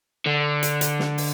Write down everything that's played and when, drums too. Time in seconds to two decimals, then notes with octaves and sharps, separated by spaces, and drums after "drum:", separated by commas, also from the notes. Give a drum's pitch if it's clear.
0.26 D3
0.63 drum: hi-hat
0.81 drum: hi-hat
0.99 drum: snare
1.18 drum: open hi-hat